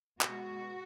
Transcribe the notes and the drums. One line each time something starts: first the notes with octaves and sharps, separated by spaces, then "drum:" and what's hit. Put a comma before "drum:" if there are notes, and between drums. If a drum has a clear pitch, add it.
B2 G#3 B3 F#4, drum: clap